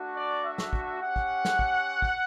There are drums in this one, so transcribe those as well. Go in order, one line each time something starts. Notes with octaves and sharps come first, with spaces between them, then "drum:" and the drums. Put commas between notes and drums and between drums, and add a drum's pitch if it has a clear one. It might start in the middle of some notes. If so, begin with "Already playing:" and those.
Already playing: A3 D4 F#4
D5
E5
drum: snare
drum: kick
C#4 G4 F#5
drum: kick
drum: snare
drum: kick
drum: kick